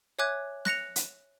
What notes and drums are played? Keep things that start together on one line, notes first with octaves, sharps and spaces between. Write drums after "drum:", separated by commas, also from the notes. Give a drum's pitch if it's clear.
C#5 E5 G#5 D6 F#6 G#6
F#6 A#6 C#7 F7, drum: snare
drum: hi-hat